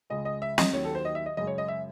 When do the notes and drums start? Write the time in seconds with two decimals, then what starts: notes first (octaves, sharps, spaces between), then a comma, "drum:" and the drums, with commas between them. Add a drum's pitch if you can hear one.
0.10 C#2 C#3 G#3 D#5
0.25 D#5
0.42 E5
0.58 D#5, drum: snare
0.73 D#2 D#3 F#3 C#5
0.85 A4
0.95 C5
1.05 D#5
1.15 E5
1.26 D#5
1.37 F#2 C#3 G#3 D#5
1.47 C#5
1.58 D#5
1.68 E5